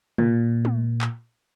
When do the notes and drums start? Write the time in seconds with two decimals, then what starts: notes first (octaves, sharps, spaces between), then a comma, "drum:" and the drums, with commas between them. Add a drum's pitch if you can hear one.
0.18 A#2, drum: tom
0.65 drum: tom
1.01 drum: clap